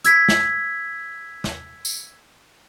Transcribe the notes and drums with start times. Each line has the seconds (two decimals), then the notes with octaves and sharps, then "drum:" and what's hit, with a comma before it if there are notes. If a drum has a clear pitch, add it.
0.04 E6 G#6 B6, drum: hi-hat
0.29 drum: snare
1.44 drum: snare
1.85 drum: tambourine